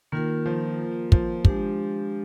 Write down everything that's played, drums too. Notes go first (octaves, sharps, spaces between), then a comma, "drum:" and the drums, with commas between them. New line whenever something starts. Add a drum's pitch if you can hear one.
D#3 A#3 F4 A#4
F3
F3, drum: kick
G#3 D4 G4, drum: kick